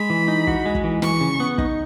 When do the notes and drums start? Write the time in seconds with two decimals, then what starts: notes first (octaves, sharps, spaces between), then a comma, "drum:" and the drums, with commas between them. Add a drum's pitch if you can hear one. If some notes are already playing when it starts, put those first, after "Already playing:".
Already playing: G#3 B5
0.10 E3
0.28 D#4
0.47 F#4, drum: kick
0.66 G#3
0.75 drum: kick
0.84 E3
1.02 E3 C#6, drum: snare
1.21 C#3
1.40 B3
1.58 D#4, drum: kick